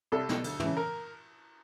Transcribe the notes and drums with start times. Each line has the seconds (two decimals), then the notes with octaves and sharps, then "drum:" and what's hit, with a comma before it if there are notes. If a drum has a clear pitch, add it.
0.12 C2 A4
0.29 B2, drum: snare
0.44 D2, drum: cymbal
0.60 C#3 E3, drum: tom
0.77 A#4